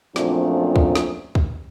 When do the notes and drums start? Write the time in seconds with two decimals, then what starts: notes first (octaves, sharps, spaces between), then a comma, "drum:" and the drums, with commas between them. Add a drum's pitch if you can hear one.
0.16 F#2 A#2 F3 A3 C4 D4, drum: snare
0.76 drum: kick
0.95 drum: snare
1.35 drum: kick